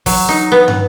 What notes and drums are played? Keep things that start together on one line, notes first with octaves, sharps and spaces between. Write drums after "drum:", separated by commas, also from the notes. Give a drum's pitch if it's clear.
F#3, drum: kick, open hi-hat
D#4
B3
drum: tom